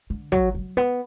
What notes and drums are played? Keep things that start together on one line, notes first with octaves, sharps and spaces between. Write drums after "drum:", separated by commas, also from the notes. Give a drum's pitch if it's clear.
D3
F#3, drum: kick
F#3
B3